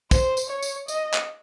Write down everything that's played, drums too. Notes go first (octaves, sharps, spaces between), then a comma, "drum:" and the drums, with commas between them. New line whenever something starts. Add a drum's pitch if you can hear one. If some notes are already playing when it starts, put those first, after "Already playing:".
C5, drum: kick, tambourine
drum: tambourine
C#5
drum: tambourine
D#5, drum: tambourine
drum: clap